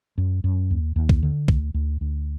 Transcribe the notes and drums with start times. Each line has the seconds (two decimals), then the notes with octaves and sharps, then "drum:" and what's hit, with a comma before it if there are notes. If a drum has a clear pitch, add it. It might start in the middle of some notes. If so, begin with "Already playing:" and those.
0.18 F#2
0.44 F#2
0.71 D#2
0.96 D#2
1.09 drum: kick
1.23 D3
1.48 D2, drum: kick
1.74 D2
2.01 D2